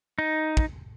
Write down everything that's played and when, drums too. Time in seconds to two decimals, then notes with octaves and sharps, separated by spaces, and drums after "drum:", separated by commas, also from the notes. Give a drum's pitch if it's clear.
0.19 D#4
0.57 drum: kick